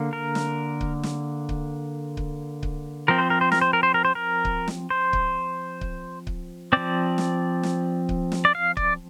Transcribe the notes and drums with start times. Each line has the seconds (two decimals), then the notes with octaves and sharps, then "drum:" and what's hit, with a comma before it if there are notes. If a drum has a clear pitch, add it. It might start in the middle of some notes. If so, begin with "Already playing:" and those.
Already playing: D3 A#3
0.13 A#4
0.35 drum: snare
0.81 drum: kick C#1
1.03 drum: snare
1.49 drum: kick C#1
2.17 drum: kick C#1
2.63 drum: kick C#1
3.08 F3 C4 A#4
3.19 C5
3.30 A#4
3.41 C5
3.52 A#4, drum: snare
3.61 C5
3.73 A#4
3.83 C5
3.94 A#4
4.05 C5
4.15 A#4
4.45 drum: kick C#1
4.68 drum: snare
4.90 C5
5.13 drum: kick C#1
5.81 drum: kick C#1
6.27 drum: kick C#1
6.73 F3 C4 D5
7.18 drum: snare
7.63 drum: snare
8.09 drum: kick C#1
8.32 drum: snare
8.45 D5
8.55 F5
8.77 D5, drum: kick C#1